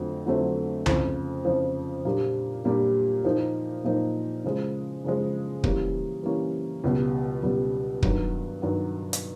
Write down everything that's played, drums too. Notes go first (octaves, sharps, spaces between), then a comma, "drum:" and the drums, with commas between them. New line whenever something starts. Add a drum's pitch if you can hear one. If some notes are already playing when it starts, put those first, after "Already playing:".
Already playing: F2 D3 F#3 A3 C4
F2 D3 F#3 A3 C4
F2 C#3 F3, drum: tom C2
F2 C#3 F3
A#2 G3 A#3 D4 G4
A#2 G3 A#3 D4 G4
A#2 F3 A#3 D#4
A#2 F3 A#3 D#4
C#3 F3 G#3
C#3 F3 G#3
E3 G3 A#3 C#4, drum: kick
E3 G3 A#3 C#4
C#2 B2 G3
C#2 B2 G3
G2 D#3 F#3, drum: kick
G2 D#3 F#3
drum: hi-hat